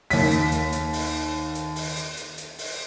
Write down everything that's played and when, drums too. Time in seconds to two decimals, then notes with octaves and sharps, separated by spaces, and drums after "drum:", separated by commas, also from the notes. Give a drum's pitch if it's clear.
0.10 D#2 B6, drum: open hi-hat
0.31 drum: hi-hat
0.52 drum: hi-hat
0.72 drum: hi-hat
0.93 drum: open hi-hat
1.55 drum: hi-hat
1.76 drum: open hi-hat
1.96 drum: hi-hat
2.17 drum: hi-hat
2.38 drum: hi-hat
2.58 drum: open hi-hat